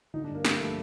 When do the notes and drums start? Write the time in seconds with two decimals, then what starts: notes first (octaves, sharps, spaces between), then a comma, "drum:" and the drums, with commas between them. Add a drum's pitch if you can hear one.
0.14 D3 D#4
0.24 D4
0.29 G2
0.34 A#3
0.45 G2 G3, drum: snare
0.60 F3 A3